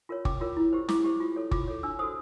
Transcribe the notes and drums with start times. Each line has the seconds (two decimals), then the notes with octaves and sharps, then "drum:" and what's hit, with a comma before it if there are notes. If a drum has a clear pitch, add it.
0.09 F4 A#4 C#5
0.25 C#4 D6, drum: kick
0.41 F4 A#4 C#5
0.57 E4
0.73 G4 C5
0.89 E4 D6, drum: snare
1.04 G4 C5
1.20 F4
1.36 A4 C#5
1.51 F4 D6, drum: kick
1.68 A4 C#5
1.83 D4 E6
1.99 F#4 A4 C5 D#6